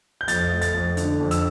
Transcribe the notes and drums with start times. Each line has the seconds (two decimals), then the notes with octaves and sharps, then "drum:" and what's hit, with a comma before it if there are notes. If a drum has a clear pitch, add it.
0.21 G6
0.28 F2 A6, drum: hi-hat
0.51 A3
0.61 A6, drum: hi-hat
0.74 F2
0.97 D3, drum: hi-hat
1.20 F2
1.31 E6, drum: hi-hat